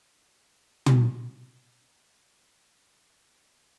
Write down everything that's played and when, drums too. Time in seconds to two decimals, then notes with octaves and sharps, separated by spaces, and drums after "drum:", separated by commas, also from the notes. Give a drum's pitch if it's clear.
0.16 G#3
0.86 drum: tom
2.29 E3 C5
2.95 A3
3.36 D#4 A4 D5 D#5